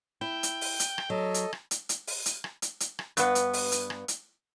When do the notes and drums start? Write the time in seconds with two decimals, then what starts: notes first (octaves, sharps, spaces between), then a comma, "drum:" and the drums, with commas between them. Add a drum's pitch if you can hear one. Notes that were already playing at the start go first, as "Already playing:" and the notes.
0.21 E4 G5
0.43 drum: hi-hat
0.61 drum: open hi-hat
0.80 drum: hi-hat
0.98 drum: rim click
1.10 F#3 A4 D#5
1.34 drum: hi-hat
1.53 drum: rim click
1.71 drum: hi-hat
1.89 drum: hi-hat
2.07 drum: open hi-hat
2.26 drum: hi-hat
2.44 drum: rim click
2.62 drum: hi-hat
2.80 drum: hi-hat
2.99 drum: rim click
3.17 G2 B3, drum: hi-hat
3.35 drum: hi-hat
3.53 drum: open hi-hat
3.72 drum: hi-hat
3.90 drum: rim click
4.08 drum: hi-hat